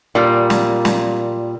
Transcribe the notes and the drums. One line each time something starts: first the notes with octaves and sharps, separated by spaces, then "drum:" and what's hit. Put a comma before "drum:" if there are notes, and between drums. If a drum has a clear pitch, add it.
A#2 G3
drum: snare
drum: snare